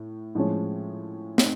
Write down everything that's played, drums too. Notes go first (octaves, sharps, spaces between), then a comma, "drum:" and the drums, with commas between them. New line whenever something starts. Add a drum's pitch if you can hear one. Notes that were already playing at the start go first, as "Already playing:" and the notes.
Already playing: A2
A2 F3 G#3 C#4
A3 C4 D#4, drum: snare